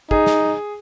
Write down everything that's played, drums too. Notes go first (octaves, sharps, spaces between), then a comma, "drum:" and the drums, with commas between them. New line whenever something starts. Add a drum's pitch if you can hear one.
D#4 G#4, drum: kick
drum: snare